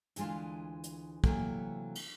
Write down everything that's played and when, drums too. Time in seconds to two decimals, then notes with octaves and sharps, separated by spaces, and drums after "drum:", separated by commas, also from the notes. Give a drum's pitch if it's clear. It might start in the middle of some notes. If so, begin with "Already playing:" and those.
0.16 D2 E3 G#3 D4 F4, drum: hi-hat
0.84 drum: hi-hat
1.24 C3 E3 F#3 A3 A#3, drum: kick
1.95 drum: cymbal